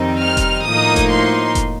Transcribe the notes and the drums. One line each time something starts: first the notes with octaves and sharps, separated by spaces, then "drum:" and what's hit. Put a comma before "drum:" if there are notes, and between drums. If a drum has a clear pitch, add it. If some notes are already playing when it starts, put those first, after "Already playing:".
Already playing: F2 D#3 G3 C4 D#4
F6
drum: kick F1, hi-hat
A2 F3 A#3 D#4 D#6
drum: kick F1, hi-hat
C6
drum: kick F1, hi-hat